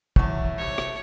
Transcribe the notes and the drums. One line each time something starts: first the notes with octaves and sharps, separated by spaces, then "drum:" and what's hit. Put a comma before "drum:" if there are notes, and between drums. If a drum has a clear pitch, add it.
E2 F#3 A3, drum: kick
C2 C3 C#5
drum: rim click